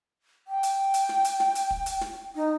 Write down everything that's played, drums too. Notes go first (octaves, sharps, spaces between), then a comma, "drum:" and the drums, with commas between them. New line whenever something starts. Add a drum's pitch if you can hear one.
G5
drum: hi-hat
drum: hi-hat
drum: snare
drum: hi-hat
drum: snare
drum: hi-hat
drum: kick
drum: hi-hat
drum: snare
D#4